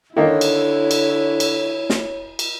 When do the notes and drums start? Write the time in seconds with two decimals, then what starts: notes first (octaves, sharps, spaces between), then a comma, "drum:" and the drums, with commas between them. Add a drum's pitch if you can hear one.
0.17 D3 D#3 A#3 E4 C#5
0.41 drum: cymbal
0.91 drum: cymbal
1.40 drum: cymbal
1.90 drum: snare
2.39 drum: cymbal